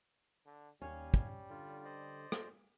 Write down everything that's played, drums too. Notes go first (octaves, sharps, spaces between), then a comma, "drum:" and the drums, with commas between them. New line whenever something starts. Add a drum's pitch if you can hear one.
D3
D#2 G3 C#4 F5 G#5
drum: kick
D3 F4
C5 D5 D#5
drum: rim click